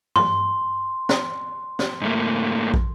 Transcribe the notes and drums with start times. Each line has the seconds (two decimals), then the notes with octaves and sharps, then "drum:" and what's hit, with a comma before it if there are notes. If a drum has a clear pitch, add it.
0.16 C6, drum: tom
1.09 drum: snare
1.79 drum: snare
2.01 G#2 A3 A#3
2.74 drum: kick